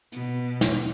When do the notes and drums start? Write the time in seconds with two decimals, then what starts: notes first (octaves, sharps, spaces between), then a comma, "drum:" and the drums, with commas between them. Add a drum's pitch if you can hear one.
0.12 B2, drum: hi-hat
0.61 drum: snare